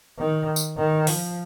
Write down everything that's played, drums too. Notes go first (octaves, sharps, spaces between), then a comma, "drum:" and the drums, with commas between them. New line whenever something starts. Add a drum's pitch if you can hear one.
D#3
drum: tambourine
D#3
F3, drum: open hi-hat